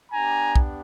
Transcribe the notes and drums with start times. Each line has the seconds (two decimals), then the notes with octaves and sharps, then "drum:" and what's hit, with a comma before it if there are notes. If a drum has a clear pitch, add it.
0.12 B3 D4 G4 G#5 A#5
0.56 drum: kick